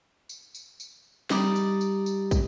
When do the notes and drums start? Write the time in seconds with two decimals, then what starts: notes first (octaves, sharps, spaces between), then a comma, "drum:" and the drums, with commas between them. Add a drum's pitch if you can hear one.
0.29 drum: tambourine
0.55 drum: tambourine
0.80 drum: tambourine
1.30 G3 D#4 D5, drum: snare
1.56 drum: tambourine
1.81 drum: tambourine
2.06 drum: tambourine
2.31 drum: kick, tambourine